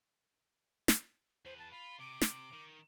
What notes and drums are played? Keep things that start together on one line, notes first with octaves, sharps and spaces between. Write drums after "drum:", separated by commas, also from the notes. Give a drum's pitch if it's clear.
drum: snare
E2 B4 C5
A5
F4 B5
C3 D6
drum: snare
D#3